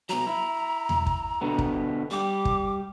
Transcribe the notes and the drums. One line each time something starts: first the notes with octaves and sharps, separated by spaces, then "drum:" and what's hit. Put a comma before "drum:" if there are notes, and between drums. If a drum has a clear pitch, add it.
B2 F#3 A#5
E4
drum: tom E2
drum: kick
B2 D3 B3
drum: kick
G3 G4 D6
drum: kick